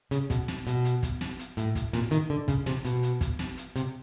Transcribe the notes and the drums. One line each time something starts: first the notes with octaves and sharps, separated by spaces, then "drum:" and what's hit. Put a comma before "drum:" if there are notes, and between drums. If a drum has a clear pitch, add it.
C#3, drum: hi-hat
B2, drum: kick, hi-hat
drum: snare
B2, drum: hi-hat
drum: hi-hat
drum: kick, hi-hat
drum: snare
drum: hi-hat
A2, drum: hi-hat
drum: kick, hi-hat
A#2, drum: snare
D#3, drum: hi-hat
D3
C#3, drum: kick, hi-hat
C3, drum: snare
B2, drum: hi-hat
drum: hi-hat
drum: kick, hi-hat
drum: snare
drum: hi-hat
C3, drum: hi-hat